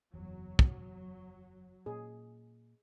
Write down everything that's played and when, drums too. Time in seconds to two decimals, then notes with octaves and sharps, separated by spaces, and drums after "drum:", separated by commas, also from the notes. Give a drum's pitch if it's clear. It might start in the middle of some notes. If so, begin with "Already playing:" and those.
0.14 F#1 E2 F#3
0.59 drum: kick
1.86 A#2 G#4